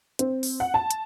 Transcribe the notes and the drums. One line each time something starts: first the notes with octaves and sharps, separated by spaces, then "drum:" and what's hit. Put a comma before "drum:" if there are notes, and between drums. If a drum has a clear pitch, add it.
C4, drum: hi-hat
drum: open hi-hat
F#5
A5
drum: hi-hat